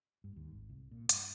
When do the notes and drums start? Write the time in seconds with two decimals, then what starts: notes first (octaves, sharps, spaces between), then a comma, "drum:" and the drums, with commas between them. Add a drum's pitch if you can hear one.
0.24 G2
0.36 D#2
0.51 G#1
0.70 C2
0.91 A#2
1.09 G2, drum: hi-hat